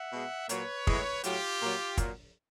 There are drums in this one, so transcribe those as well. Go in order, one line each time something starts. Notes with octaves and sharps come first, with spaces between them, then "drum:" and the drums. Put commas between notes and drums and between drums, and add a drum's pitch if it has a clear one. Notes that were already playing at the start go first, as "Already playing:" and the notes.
Already playing: E5 F#5
B2 G#3
A#2 F#3 B4 C#5, drum: hi-hat
A2 E3 G#3, drum: kick
A2 F#3 F4 G4, drum: hi-hat
A#2 F#3
A#2 F#3, drum: kick, hi-hat